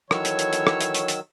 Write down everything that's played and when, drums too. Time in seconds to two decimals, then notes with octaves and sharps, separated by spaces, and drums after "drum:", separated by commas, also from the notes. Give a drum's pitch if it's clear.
0.11 D#3 E3 F#3 A4 C#5 E6, drum: rim click
0.25 drum: hi-hat
0.39 drum: hi-hat
0.53 drum: hi-hat
0.67 drum: rim click
0.81 drum: hi-hat
0.94 drum: hi-hat
1.08 drum: hi-hat